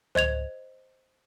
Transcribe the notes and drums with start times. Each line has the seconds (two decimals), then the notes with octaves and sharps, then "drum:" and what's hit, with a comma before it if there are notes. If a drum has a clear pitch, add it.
0.15 C5 D#5 G#6 F7, drum: tom C#2